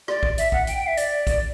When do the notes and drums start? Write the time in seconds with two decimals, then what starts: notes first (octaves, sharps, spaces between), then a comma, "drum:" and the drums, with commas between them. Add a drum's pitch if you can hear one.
0.08 D5, drum: rim click
0.23 drum: kick
0.38 E5, drum: hi-hat
0.52 F#5, drum: kick
0.67 G5, drum: hi-hat
0.77 G5
0.87 E5
0.97 D5, drum: hi-hat
1.27 drum: kick, hi-hat